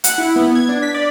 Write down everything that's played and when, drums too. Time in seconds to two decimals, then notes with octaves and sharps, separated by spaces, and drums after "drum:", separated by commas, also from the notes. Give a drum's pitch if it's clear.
0.04 F#5, drum: hi-hat
0.18 E4
0.36 B3
0.55 G#6
0.69 D4
0.82 B6
0.94 D5